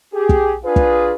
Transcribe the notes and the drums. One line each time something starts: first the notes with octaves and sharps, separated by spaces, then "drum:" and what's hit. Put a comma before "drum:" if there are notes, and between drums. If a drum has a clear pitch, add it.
G4 G#4
drum: kick
D4 F4 G#4 B4
drum: kick